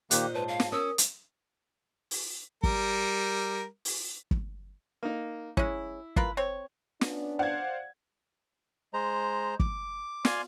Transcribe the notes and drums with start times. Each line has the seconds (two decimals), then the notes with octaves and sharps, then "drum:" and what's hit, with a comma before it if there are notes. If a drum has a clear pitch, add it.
0.11 A#2 D#3 A#3 D#4 G4 C5 F#6, drum: hi-hat
0.34 G#2 B4 C#5 A5
0.48 F5
0.60 drum: snare
0.72 C#4 A#4 D#6 E6
0.98 drum: hi-hat
2.11 drum: open hi-hat
2.63 G3 A#4, drum: kick
3.85 drum: open hi-hat
4.31 drum: kick
5.03 A#3 D#4
5.57 G#3 C#4 E4, drum: kick
6.16 F4 A#4 B4, drum: kick
6.37 C4 C#5
7.01 B3 C#4 D4, drum: snare
7.39 C5 D5 F5 F#5 G#6
8.94 G#3 C5 A#5
9.60 D6, drum: kick
10.25 D5 F5 G#5 C6, drum: snare